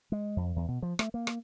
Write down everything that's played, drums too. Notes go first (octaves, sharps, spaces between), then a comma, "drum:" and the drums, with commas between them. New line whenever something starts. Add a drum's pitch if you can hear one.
G#3
F2
E2
B2
F3
A3, drum: rim click
A#3
drum: rim click